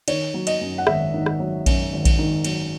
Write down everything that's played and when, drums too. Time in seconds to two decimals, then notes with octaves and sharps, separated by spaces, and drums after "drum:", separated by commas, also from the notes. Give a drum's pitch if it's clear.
0.08 D#3 C#5, drum: cymbal
0.34 F#3
0.47 D#5, drum: cymbal
0.61 F#2
0.78 F#5
0.87 G#1 E5, drum: rim click
1.14 D#3
1.26 drum: rim click
1.39 F#3
1.66 F#2, drum: kick A#1, cymbal
1.93 G#1
2.05 drum: kick A#1, cymbal
2.19 D#3
2.44 F#3, drum: cymbal